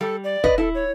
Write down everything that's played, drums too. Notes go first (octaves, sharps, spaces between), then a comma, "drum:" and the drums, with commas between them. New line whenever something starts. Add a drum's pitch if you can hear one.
G3 A4
D5
B4 D#5, drum: kick
E4 A4
C#5